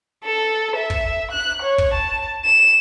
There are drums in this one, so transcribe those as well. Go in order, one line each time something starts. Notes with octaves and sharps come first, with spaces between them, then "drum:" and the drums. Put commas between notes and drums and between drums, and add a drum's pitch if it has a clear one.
A4
E5
drum: kick
F#6
C#5
drum: kick
A5
E7